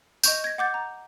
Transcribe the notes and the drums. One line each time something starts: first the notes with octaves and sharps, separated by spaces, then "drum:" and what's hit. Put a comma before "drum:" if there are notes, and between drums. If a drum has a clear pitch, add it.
D#5 C#6 G6, drum: tambourine
G#6 A#6
F#5 D6 G6 A6
A#5